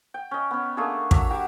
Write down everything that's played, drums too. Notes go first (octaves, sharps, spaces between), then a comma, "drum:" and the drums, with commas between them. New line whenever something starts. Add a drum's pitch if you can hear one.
G5
C#4 D#5
B3 C#4
A3 A#3 D4 G#4
F#3 D4 E5 A#5, drum: kick
F#3 G4 F#5 D6